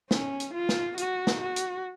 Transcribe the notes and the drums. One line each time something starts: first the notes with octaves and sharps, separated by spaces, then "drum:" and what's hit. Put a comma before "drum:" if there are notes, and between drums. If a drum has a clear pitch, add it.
C#4, drum: snare
drum: hi-hat
F4
drum: snare
F#4, drum: hi-hat
drum: snare
F#4
drum: hi-hat